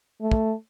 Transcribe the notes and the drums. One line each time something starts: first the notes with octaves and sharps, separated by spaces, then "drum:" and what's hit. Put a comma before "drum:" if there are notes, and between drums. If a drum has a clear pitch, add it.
A3
drum: kick